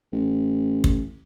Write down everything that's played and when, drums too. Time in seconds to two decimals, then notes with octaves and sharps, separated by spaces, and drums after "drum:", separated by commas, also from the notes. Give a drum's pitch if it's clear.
0.12 A1
0.84 drum: kick